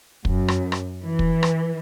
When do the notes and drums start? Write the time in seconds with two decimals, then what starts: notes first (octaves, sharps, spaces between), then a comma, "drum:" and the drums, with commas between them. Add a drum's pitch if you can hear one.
0.25 F#2, drum: kick
0.48 drum: rim click
0.72 drum: rim click
1.01 E3
1.19 drum: kick
1.43 drum: rim click